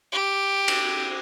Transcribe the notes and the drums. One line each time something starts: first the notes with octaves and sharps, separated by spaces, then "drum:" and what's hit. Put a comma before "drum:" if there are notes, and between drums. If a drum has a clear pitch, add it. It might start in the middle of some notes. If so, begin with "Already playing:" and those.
G4
drum: cymbal